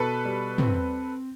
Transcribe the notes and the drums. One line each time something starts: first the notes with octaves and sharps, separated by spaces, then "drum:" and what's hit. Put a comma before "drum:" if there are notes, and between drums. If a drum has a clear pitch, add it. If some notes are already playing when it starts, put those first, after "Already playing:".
Already playing: B2 A4 B4
G3
C4, drum: tom